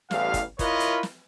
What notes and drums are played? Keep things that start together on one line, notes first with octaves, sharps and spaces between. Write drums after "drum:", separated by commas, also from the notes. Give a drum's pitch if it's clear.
A1 E2 G3 F5, drum: snare
drum: kick, hi-hat
E4 F4 A#4 B4 C#5 D#5, drum: kick, hi-hat
drum: hi-hat
drum: snare